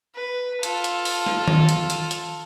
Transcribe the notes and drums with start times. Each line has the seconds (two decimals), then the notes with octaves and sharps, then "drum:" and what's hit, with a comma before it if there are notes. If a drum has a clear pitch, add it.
0.15 B4
0.63 F4 A4, drum: hi-hat
0.84 drum: hi-hat
1.05 drum: open hi-hat
1.26 drum: snare
1.48 drum: tom D#3
1.69 drum: hi-hat
1.90 drum: hi-hat
2.11 drum: hi-hat